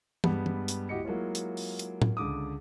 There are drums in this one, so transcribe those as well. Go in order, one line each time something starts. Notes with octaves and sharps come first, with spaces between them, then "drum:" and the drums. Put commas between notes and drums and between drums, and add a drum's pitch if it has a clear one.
G2 G3 G#3 B3, drum: tom
drum: tom
drum: hi-hat
D1 E4 F#4 G4 D#5 C#7
F#3 G#3 A#3 E4 F4 C#5
drum: hi-hat
drum: open hi-hat
drum: hi-hat
drum: tom A2
C#2 D3 D6 D#6